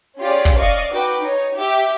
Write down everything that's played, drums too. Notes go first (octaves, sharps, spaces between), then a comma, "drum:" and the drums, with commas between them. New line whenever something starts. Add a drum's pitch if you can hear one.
C#4 F4 G4 G#4 D5
drum: kick
D5 D#5 F5 C#6
D#4 F#4 B4 G5 D6
D#4 C#5
G4 E5